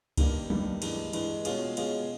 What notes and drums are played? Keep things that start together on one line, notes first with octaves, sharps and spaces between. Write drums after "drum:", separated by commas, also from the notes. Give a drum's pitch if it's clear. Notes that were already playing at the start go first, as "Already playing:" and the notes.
G2 D#3 G3 A#3, drum: kick C#2, cymbal
G2 D#3 G3 A#3, drum: tom F#3
G2 E3 G#3, drum: cymbal
G2 E3 G#3, drum: cymbal
B2 G#3 C#4 F4 G#4, drum: cymbal
B2 G#3 C#4 F4 G#4, drum: cymbal